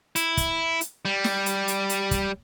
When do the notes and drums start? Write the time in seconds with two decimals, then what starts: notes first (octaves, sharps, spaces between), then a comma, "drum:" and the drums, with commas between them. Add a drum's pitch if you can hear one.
0.16 E4, drum: hi-hat
0.37 drum: kick, hi-hat
0.81 drum: hi-hat
1.05 G3
1.24 drum: snare
1.46 drum: hi-hat
1.68 drum: hi-hat
1.89 drum: hi-hat
2.11 drum: kick, hi-hat